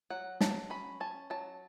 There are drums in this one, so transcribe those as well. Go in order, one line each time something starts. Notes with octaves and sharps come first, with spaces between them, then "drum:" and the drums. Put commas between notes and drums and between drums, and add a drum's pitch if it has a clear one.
F#3 F#5
F#3 A5, drum: snare
C#4 B5
C#4 A5
F#3 A5